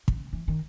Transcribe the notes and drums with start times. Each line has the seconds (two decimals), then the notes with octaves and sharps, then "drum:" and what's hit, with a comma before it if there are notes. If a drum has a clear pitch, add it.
0.08 C#3, drum: kick
0.33 E3
0.48 D#3